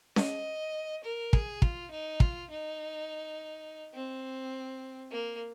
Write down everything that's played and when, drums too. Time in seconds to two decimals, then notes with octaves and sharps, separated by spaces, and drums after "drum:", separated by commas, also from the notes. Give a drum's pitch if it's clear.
0.16 D#5, drum: snare C#4
1.04 A#4
1.33 G#4, drum: kick
1.62 F4, drum: kick
1.91 D#4
2.20 F4, drum: kick
2.50 D#4
3.94 C4
5.11 A#3